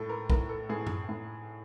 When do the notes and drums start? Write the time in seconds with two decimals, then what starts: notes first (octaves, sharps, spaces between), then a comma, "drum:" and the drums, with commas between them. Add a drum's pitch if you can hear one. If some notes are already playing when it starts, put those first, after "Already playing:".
Already playing: A2 A4
0.09 A#4
0.30 A2 A#4, drum: kick
0.49 A4
0.69 A2 G#4
0.87 drum: tom F#2
1.09 A2